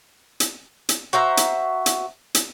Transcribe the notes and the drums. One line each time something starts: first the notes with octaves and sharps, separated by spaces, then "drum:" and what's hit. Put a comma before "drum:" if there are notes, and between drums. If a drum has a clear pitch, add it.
drum: hi-hat
drum: hi-hat
F#4 C5 E5 A#5
drum: hi-hat
drum: hi-hat
drum: hi-hat